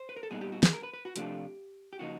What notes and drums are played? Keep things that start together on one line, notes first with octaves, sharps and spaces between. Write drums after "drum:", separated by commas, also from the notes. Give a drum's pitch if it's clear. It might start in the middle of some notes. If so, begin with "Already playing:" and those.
Already playing: C5
B4
A#4
A4
A#2 G3 B3 D#4 G#4
G4
F#4
G#4, drum: snare
A#4
B4
B4
F#4
C3 F3 A3 D4 F4 G4, drum: hi-hat
G4
C#3 F3 A#3 D#4 F#4